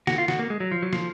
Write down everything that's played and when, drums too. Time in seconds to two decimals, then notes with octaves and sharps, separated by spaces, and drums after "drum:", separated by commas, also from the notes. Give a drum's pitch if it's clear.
0.07 F#4, drum: snare
0.18 F4
0.28 F#4, drum: snare
0.39 A#3
0.50 G#3
0.60 F#3
0.71 F3
0.82 F#3
0.93 F3, drum: snare